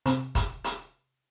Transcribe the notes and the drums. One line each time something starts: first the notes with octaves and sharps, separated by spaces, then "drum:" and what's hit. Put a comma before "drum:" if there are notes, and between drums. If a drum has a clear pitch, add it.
C3, drum: hi-hat
drum: kick, hi-hat
drum: hi-hat